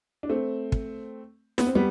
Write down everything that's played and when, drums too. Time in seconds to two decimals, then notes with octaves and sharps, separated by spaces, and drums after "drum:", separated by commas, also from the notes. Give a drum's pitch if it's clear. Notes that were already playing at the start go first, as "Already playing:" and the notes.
0.23 D4
0.29 A3 C4
0.72 drum: kick
1.58 B3, drum: snare
1.67 C4
1.75 G3 B3